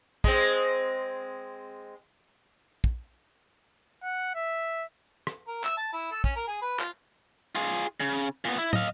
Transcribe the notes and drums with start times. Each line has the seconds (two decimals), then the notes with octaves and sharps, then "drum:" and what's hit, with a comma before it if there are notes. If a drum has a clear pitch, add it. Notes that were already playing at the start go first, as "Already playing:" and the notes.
0.24 G#3 C4, drum: kick
2.84 drum: kick
4.03 F#5
4.35 E5
5.27 drum: rim click
5.47 A#4
5.64 E5, drum: clap
5.77 A5
5.93 E4
6.11 A4
6.24 C#4, drum: kick
6.36 A#4
6.48 G#4
6.62 B4
6.79 F4, drum: clap
7.55 F4 G#4
8.00 C#3
8.45 A#2 B3
8.58 E4
8.73 D#5 F5, drum: tom